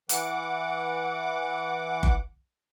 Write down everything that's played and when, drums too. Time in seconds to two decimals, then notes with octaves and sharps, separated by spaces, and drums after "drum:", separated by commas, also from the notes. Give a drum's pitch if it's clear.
0.09 E3 F#5 D6, drum: hi-hat
2.03 drum: kick F#1